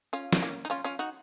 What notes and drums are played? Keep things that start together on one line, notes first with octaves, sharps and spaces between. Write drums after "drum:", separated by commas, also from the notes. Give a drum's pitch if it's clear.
C#4 F4
drum: snare
A#3 C#4
D#4
C#4 F4
C#4 F4
D#4 F#4